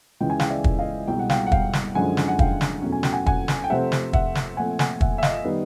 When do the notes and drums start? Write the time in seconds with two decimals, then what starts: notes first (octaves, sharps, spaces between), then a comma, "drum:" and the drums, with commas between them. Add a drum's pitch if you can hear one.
0.20 C#2 C#3 E3 G#3 C#4 G5
0.30 G#5
0.40 F5 G5, drum: snare
0.50 D5 E5
0.64 drum: kick
0.79 D#5 F5
1.07 C2 B2 G#3 G5
1.19 F#5
1.30 F5 G5, drum: snare
1.46 F#5
1.52 F5 G5, drum: kick
1.73 drum: snare
1.95 F#2 D3 F3 G#3 C#4 F#5 G#5
2.17 drum: snare
2.28 F#5
2.39 F5 G5, drum: kick
2.61 drum: snare
2.82 E2 B2 F#3 A3 C#4
2.92 G#5
3.03 G5, drum: snare
3.12 F#5 G#5
3.26 F#5 G#5, drum: kick
3.48 drum: snare
3.64 G5
3.70 C3 F3 A3 C4 E5 F#5
3.92 drum: snare
4.13 E5 F#5, drum: kick
4.35 drum: snare
4.57 A#2 F3 A3 C4 F#5 G#5
4.79 F#5 G#5, drum: snare
5.01 E5 F#5, drum: kick
5.18 E5
5.23 D#5 F5, drum: snare
5.44 D#3 G3 B3